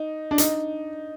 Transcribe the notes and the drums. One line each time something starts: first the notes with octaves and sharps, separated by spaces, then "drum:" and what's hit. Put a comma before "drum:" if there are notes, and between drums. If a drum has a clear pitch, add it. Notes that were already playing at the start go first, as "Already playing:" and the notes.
Already playing: D#4
D4
D#4, drum: hi-hat